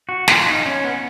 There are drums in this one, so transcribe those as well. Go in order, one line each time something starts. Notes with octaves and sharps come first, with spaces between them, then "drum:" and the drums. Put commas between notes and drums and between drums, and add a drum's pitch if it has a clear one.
F#4
F4, drum: snare
D#4
C#4
B3